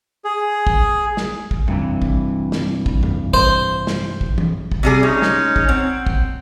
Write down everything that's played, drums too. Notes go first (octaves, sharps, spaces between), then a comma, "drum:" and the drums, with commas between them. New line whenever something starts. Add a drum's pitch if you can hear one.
G#4
drum: kick
drum: snare
drum: kick
G2 C3 E3, drum: tom F2
drum: kick
drum: snare
drum: kick
drum: tom F2
C5, drum: kick
drum: snare
drum: kick
drum: tom E3
drum: kick
C3 G3 G#4
G#3 C#4 D#4 C#5
drum: snare
drum: kick
C4 F#5
drum: kick